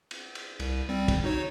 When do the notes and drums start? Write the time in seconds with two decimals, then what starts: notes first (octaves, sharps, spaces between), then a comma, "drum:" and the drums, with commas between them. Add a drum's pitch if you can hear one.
0.11 drum: cymbal
0.35 drum: cymbal
0.60 C2, drum: cymbal
0.89 G3 C4
1.08 drum: kick, cymbal
1.24 D#4 F#4 C#5